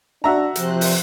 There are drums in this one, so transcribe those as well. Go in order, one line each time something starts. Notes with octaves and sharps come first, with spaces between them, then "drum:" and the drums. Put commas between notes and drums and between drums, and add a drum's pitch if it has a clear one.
D4 F#4 E5 A#5
C3 F3 C5 F#6, drum: hi-hat
drum: open hi-hat